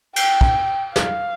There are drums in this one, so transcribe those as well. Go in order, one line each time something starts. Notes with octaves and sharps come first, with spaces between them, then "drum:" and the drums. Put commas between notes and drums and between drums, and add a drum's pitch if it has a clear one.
G5, drum: cymbal
drum: kick
F5, drum: snare